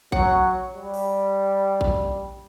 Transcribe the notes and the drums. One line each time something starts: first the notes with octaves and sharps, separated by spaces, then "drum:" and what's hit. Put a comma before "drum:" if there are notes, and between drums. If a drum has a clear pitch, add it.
F#3 F#5, drum: kick A1
G3
drum: open hi-hat
drum: kick A1